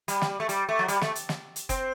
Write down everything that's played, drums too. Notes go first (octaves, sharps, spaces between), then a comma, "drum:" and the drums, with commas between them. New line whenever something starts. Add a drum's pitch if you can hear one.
G3, drum: hi-hat
drum: snare
A3
G3, drum: hi-hat
A3
F#3
G3, drum: hi-hat
A3, drum: snare
drum: hi-hat
drum: snare
drum: hi-hat
C4, drum: kick F#1, hi-hat